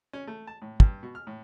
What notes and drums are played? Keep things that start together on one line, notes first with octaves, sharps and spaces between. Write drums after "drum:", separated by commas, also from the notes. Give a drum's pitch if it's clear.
C#4
A3
A5
A2
G2, drum: kick
B2
F6
A2